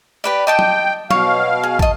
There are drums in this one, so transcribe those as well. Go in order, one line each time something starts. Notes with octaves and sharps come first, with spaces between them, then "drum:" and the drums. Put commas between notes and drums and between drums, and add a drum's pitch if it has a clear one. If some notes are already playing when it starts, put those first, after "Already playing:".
G4 B4 D5
D#5 G5 A5 D6
drum: tom F#3
B2 C#5 F5, drum: tom F#3
G#4
D#5 A5, drum: kick